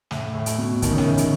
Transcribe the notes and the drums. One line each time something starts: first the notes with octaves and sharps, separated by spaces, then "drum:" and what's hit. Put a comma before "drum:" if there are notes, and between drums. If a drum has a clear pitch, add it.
A2, drum: snare
A2
drum: hi-hat
B2
D#3, drum: kick, hi-hat
C#3
D#3, drum: snare
E3
drum: hi-hat